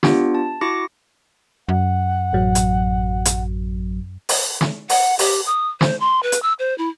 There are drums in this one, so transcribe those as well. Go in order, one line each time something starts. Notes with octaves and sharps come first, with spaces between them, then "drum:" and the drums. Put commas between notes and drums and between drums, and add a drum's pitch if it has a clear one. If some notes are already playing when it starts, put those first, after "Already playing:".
B3 D4 F4 G4, drum: snare
A5
E4 F#4 D6 A#6 C#7
F#2 F#5
A1 F#3
drum: hi-hat
drum: hi-hat
drum: open hi-hat
drum: snare
F#5, drum: open hi-hat
G4, drum: open hi-hat
D#6
C5, drum: snare
C6
B4
drum: hi-hat
E6
C5
E4